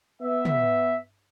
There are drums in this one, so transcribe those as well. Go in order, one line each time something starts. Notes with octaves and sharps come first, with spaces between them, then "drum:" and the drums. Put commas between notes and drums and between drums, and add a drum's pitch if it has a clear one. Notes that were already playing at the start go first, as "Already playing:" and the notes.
B3 E5
drum: tom